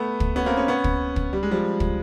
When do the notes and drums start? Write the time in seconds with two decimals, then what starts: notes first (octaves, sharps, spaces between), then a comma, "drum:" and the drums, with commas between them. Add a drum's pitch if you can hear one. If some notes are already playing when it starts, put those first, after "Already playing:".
Already playing: A3 B3
0.20 drum: kick
0.36 B3 C#4
0.46 A#3 C4
0.57 B3 C#4
0.68 B3 C#4
0.84 drum: kick
1.16 drum: kick
1.33 G3
1.43 G#3
1.51 F3 G3
1.80 drum: kick